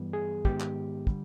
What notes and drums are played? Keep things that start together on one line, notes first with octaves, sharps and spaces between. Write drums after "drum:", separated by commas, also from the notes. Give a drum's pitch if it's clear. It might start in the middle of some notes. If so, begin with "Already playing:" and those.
Already playing: G2 E3 G3 B3
G#4
G#2 D#3 G#3 B3 G4, drum: kick
drum: clap
D3 G3, drum: kick